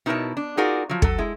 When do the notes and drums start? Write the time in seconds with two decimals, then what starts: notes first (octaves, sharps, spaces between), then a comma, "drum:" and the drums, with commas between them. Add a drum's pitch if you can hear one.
0.06 B2 D#4 E4 A#4 C#5 A5
0.37 D4
0.57 D#4 F4 F#4 G#4 A#4 D5
0.90 F3 F#3
1.02 F#3 A4, drum: kick
1.18 G#3 E4